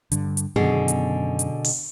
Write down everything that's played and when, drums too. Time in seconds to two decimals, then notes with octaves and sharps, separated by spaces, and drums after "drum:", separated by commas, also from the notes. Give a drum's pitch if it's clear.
0.12 G2 D3, drum: hi-hat
0.37 drum: hi-hat
0.56 F#2 B2 D3 D#3 G#4
0.88 drum: hi-hat
1.39 drum: hi-hat
1.64 drum: open hi-hat